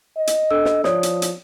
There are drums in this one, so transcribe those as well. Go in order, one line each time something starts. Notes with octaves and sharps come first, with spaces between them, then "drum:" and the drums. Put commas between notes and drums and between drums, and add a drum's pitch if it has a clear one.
D#5
drum: hi-hat
D4 A4 E6
drum: snare
F3 C#5 D5 D#6, drum: snare
drum: hi-hat
drum: hi-hat